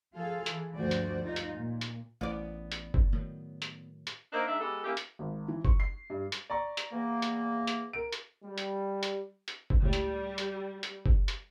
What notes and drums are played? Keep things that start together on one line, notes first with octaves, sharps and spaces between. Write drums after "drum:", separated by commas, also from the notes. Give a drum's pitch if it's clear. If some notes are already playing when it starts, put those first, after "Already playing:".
F3 F4 G#4 A4 F5
E3, drum: hi-hat
D2 G2 F3 F#4 C5 D5
drum: hi-hat
G2 D#4 F4
drum: hi-hat
A#2
drum: hi-hat
A1 A3 B3 E4 D5 D6
drum: hi-hat
drum: kick
A2 D#3 F#3
drum: hi-hat
drum: hi-hat
A#3 D4 D#4 A#4 C5 E5
G#2 D4 D#4 E5
G#3 B3 G4 A4
A#3 C#4 E4 G4
drum: hi-hat
G#1
E3
C#6, drum: kick
C7
G2
drum: hi-hat
D5 A#5 C#6
drum: hi-hat
E2 A#3
drum: hi-hat
drum: hi-hat
A#4 D7
drum: hi-hat
G3
drum: hi-hat
drum: hi-hat
drum: hi-hat
drum: kick
C#2 A2 G3
drum: hi-hat
drum: hi-hat
drum: hi-hat
drum: kick
drum: hi-hat